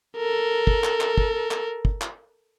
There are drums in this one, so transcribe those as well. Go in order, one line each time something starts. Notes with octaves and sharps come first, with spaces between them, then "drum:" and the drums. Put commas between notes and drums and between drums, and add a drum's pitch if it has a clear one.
A4 A#4
drum: kick
drum: clap
drum: clap
drum: kick
drum: clap
drum: kick
drum: clap